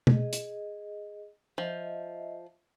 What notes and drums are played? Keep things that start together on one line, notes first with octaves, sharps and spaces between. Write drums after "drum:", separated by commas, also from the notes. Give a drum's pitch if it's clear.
G#4 D#5, drum: tom B2
drum: hi-hat
F3 D#5 E5